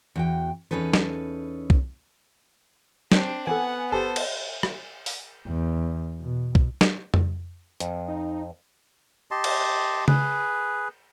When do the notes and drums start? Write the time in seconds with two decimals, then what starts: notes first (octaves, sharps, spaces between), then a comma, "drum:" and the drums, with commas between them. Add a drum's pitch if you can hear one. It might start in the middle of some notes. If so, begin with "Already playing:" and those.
0.16 E2 F#4 G5
0.71 E2 D3 C#4 D#4 A4 B4
0.93 drum: snare
1.70 drum: kick
3.12 C4 D4, drum: snare
3.47 E3 B3 A4 F#5 G#5
3.92 G1 G4 A4 C5
4.16 drum: cymbal
4.63 drum: rim click
5.06 drum: open hi-hat
5.46 E2
6.20 B2
6.55 drum: kick
6.81 drum: snare
7.14 drum: tom F2
7.80 F2, drum: hi-hat
8.08 D#4
9.31 G4 D#5 A5 C6
9.44 drum: cymbal
10.08 G#4 B4, drum: tom C#3